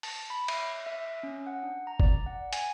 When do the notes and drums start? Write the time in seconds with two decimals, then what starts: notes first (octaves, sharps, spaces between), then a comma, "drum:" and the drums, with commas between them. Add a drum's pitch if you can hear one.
0.03 A5, drum: open hi-hat
0.30 B5
0.48 E5, drum: cymbal
0.86 E5
1.23 C#4
1.47 F#5
1.63 D4
1.87 A#5
2.00 D5, drum: kick
2.26 F#5
2.53 G#5, drum: hi-hat